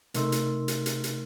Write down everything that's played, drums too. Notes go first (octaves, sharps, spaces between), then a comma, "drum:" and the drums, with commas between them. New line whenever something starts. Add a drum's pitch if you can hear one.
C3 A3 D#4 A#4 C6 E6, drum: hi-hat
drum: hi-hat
drum: hi-hat
drum: hi-hat
drum: hi-hat